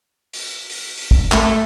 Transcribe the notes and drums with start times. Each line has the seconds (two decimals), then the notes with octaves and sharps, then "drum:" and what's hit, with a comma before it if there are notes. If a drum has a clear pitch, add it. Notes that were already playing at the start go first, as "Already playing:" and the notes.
0.33 drum: open hi-hat
0.69 drum: open hi-hat
0.97 drum: open hi-hat
1.11 drum: kick
1.32 A3, drum: clap